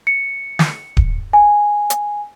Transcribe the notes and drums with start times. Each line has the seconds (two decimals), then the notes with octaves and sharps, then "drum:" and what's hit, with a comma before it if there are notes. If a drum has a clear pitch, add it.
0.07 C#7
0.59 drum: snare
0.97 drum: kick D1
1.33 G#5
1.90 drum: hi-hat